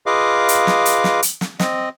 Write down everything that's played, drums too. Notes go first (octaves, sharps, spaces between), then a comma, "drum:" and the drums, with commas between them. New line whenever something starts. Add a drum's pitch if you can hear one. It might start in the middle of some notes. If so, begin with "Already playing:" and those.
F4 G#4 B4 D#5 F5 D6
drum: hi-hat
drum: snare
drum: hi-hat
drum: snare
drum: hi-hat
drum: snare
C4 D#5, drum: snare